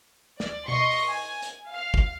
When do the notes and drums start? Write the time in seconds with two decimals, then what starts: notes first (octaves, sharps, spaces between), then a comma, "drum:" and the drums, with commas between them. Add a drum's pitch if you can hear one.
0.40 D5, drum: snare
0.68 D#5 C6 C#6, drum: tom B2
0.91 drum: open hi-hat
1.11 G#5
1.43 drum: hi-hat
1.71 F5
1.94 drum: kick